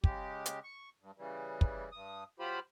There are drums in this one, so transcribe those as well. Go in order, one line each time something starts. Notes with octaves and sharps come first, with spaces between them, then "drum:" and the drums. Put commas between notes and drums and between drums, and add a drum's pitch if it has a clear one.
C#3 G#3 G4, drum: kick
drum: hi-hat
C#6
G2
C#3 E3 G3
drum: kick
G2 D#6
F#3 F4 G4 C5 B5